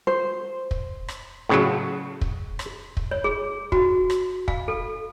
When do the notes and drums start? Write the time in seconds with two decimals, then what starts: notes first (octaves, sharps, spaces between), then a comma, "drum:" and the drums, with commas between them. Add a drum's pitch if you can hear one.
0.07 C5
0.71 drum: kick
1.08 drum: rim click
1.49 A2 C#3 F#3
2.21 drum: kick
2.59 drum: rim click
2.97 drum: kick
3.11 C#5
3.24 G#4
3.72 F#4, drum: kick
4.10 drum: rim click
4.48 F5, drum: kick
4.68 A4